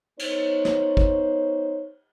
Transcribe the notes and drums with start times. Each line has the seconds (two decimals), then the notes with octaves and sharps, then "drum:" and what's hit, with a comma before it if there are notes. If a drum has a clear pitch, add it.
0.19 B3 D#4 C5 C#5, drum: cymbal
0.65 drum: snare
0.97 drum: kick